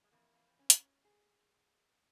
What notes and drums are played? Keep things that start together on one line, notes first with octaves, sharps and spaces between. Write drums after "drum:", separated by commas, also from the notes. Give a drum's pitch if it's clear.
G#3
F2 E3 A#3
A#3
C4
C#4
drum: hi-hat
G#4